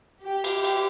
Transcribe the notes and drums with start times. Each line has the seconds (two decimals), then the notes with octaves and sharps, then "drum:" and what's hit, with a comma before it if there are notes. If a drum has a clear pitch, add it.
0.24 G4
0.44 drum: cymbal
0.64 drum: cymbal